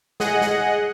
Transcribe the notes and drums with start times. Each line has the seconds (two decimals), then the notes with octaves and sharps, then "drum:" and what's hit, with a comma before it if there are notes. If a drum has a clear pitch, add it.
0.20 G#4 D#5 F#5, drum: snare
0.41 drum: snare